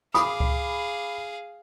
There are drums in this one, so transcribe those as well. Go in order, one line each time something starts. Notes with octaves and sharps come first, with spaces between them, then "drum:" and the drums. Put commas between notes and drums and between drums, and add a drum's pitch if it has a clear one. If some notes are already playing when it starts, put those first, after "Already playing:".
G#4 F5 B5 D6 D#6, drum: snare
drum: kick C#2